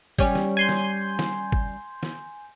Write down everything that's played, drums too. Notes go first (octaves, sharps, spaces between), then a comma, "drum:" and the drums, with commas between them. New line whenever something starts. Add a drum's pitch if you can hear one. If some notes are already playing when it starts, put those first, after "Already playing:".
G3 C#4, drum: kick
drum: snare
G#5 C6 G6
drum: snare
drum: snare
drum: kick
drum: snare